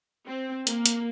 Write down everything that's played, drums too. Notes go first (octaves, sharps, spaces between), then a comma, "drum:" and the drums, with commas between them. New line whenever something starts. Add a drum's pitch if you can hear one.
C4
A#3, drum: hi-hat
drum: hi-hat